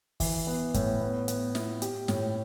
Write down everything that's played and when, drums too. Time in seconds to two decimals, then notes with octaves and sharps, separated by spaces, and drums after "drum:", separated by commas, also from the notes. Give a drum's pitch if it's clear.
0.20 E3, drum: kick, open hi-hat
0.47 B3
0.74 A2, drum: kick, hi-hat
1.01 B3
1.28 B3, drum: hi-hat
1.55 E4, drum: snare
1.82 G4, drum: hi-hat
2.08 A2, drum: snare